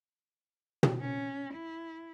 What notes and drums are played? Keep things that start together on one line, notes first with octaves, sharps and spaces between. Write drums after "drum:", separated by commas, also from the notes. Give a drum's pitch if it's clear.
drum: tom
C#4
E4